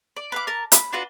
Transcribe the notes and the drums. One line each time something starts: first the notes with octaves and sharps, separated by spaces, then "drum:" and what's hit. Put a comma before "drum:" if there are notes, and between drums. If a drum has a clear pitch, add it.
D5
B4 F5 D6
A#4 A5
B5, drum: hi-hat
D4 F4 F#4 B4